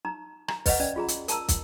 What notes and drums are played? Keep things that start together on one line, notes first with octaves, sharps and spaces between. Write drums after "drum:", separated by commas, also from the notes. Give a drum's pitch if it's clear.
D#4 A#5
A#5, drum: rim click
B4 D#5 E5 F#5, drum: kick, open hi-hat
C#4 D5
F4 G#4 A#5
drum: hi-hat
A#4 A5 A#5 E6, drum: hi-hat
drum: kick, hi-hat